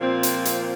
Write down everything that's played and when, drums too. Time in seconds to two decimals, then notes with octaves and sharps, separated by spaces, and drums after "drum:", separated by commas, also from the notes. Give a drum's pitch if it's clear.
0.01 A#2 F3 C4
0.23 drum: hi-hat
0.45 drum: hi-hat